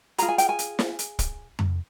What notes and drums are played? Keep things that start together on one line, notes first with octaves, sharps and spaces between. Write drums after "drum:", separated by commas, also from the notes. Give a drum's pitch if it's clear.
F4 G#4 A#5, drum: hi-hat
G#5
G5, drum: hi-hat
G#5
drum: hi-hat
drum: snare
drum: hi-hat
drum: kick, hi-hat
drum: tom F2